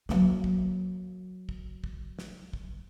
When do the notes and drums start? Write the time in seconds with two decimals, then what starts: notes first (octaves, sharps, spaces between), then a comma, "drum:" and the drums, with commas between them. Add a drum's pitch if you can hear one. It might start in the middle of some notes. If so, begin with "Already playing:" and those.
0.09 F#3 A#3, drum: snare
0.44 drum: kick
1.49 drum: kick
1.84 drum: kick
2.19 drum: snare
2.53 drum: kick